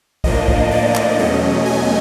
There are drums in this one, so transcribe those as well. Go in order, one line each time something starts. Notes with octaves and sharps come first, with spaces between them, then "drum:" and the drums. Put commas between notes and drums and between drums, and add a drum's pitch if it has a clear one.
A2 F3 A#3 D4 D#5, drum: kick
drum: kick
D5
drum: clap
E2 B2 F#3 A3 C#4 D#5
G#5